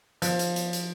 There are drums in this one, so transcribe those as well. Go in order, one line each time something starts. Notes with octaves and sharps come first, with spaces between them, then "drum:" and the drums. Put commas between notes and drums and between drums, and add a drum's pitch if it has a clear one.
F3, drum: hi-hat
drum: hi-hat
drum: hi-hat
drum: hi-hat